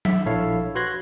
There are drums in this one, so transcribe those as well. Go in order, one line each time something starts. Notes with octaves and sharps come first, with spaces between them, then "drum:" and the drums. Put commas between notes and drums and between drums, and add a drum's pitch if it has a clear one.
E5, drum: tom F#3
A#1 E4 A4 C#5 F5
F#4 B4 C6 F#6 G#6 A#6